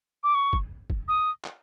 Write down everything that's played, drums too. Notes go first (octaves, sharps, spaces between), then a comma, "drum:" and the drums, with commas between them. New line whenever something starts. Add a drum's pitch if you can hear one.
D6
C#6
drum: kick
drum: kick
D#6
drum: clap